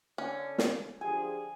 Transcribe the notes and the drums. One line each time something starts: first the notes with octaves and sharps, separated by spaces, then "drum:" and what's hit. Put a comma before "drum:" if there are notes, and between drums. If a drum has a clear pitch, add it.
D3 C#4
drum: snare
D3 F3 G4 G#4 G#5